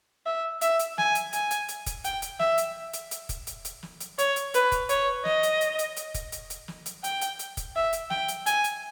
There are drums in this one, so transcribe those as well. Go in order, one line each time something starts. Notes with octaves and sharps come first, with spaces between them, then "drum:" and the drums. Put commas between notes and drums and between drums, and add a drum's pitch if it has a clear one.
E5
E5, drum: hi-hat
drum: hi-hat
G#5, drum: snare
drum: hi-hat
G#5, drum: hi-hat
drum: hi-hat
drum: hi-hat
drum: kick, hi-hat
G5, drum: hi-hat
drum: hi-hat
E5, drum: snare
drum: hi-hat
drum: hi-hat
drum: hi-hat
drum: kick, hi-hat
drum: hi-hat
drum: hi-hat
drum: snare
drum: hi-hat
C#5, drum: hi-hat
drum: hi-hat
B4, drum: hi-hat
drum: kick, hi-hat
C#5, drum: hi-hat
D#5, drum: snare
drum: hi-hat
drum: hi-hat
drum: hi-hat
drum: hi-hat
drum: kick, hi-hat
drum: hi-hat
drum: hi-hat
drum: snare
drum: hi-hat
G5, drum: hi-hat
drum: hi-hat
drum: hi-hat
drum: kick, hi-hat
E5
drum: hi-hat
G5, drum: snare
drum: hi-hat
G#5, drum: hi-hat
drum: hi-hat